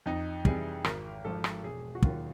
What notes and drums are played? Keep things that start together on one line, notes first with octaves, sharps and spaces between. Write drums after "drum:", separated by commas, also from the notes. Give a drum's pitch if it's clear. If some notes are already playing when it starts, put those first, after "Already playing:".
F2 D#4
C3 E3 G3 G#4, drum: kick
G#1 A#4, drum: rim click
G#2 F3 A4
drum: rim click
E1 G#4
F#4
D#2 D#3 F#3 F4, drum: kick